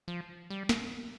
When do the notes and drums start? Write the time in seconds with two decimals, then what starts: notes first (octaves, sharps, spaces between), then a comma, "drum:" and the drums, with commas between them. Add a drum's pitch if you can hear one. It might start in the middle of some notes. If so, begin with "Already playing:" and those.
0.08 F3
0.50 G3
0.69 drum: snare